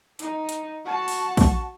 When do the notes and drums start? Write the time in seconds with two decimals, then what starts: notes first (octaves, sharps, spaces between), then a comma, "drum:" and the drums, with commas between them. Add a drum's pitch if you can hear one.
0.19 D#4, drum: hi-hat
0.49 drum: hi-hat
0.85 F#4 A5
1.08 drum: open hi-hat
1.37 drum: kick, open hi-hat